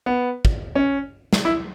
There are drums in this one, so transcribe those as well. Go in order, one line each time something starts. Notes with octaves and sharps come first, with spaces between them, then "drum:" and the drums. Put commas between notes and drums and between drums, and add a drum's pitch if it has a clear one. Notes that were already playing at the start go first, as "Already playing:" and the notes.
B3
drum: kick
C#4
drum: snare
E4